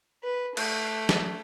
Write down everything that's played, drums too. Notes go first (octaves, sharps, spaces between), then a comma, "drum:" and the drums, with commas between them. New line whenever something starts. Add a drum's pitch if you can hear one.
B4
A3, drum: cymbal
drum: snare